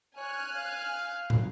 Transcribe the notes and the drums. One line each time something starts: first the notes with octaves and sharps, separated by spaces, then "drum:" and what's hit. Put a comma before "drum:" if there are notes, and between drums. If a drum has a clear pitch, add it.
C#5 G#5 F6 F#6
F5
drum: tom